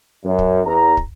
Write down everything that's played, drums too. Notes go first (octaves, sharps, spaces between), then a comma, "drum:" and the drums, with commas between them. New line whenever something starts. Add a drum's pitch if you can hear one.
F#2
drum: kick
E2 A#5
drum: kick